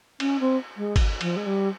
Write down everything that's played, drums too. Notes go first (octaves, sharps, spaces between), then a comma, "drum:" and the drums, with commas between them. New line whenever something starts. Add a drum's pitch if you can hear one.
C#4, drum: cymbal
C4
G#3
drum: kick, cymbal
F3, drum: cymbal
G#3
G3